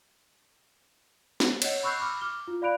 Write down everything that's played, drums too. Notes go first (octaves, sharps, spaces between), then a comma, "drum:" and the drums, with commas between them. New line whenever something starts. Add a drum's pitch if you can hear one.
drum: snare
C#5 D#5 F#5, drum: cymbal
B5 C#6 E6 F#6 G6 C7
B5 D6 F6
D6 F6 G7
F4
D5 F5 B5 F#6 D7 F7